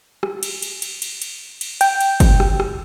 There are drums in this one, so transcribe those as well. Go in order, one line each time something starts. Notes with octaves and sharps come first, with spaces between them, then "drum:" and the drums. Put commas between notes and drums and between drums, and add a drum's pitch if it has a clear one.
drum: rim click
drum: cymbal
drum: cymbal
drum: cymbal
drum: cymbal
drum: cymbal
drum: cymbal
G5, drum: cymbal
drum: cymbal
drum: kick, cymbal
drum: rim click
drum: rim click